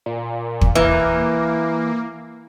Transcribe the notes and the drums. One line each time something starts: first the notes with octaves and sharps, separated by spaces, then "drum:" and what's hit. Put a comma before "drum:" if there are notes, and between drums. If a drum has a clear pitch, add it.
A#2
drum: kick
E3 A#3